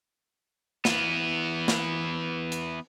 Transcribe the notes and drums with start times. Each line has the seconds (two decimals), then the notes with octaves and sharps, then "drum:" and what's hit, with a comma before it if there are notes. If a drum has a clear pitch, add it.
0.85 E3 B3, drum: snare
1.68 drum: snare
2.52 drum: hi-hat